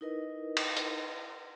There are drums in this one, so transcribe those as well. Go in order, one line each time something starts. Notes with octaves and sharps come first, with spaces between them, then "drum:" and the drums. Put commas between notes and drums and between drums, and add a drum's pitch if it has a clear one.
D#4 E4 A#4 B4 D#5
drum: cymbal
drum: hi-hat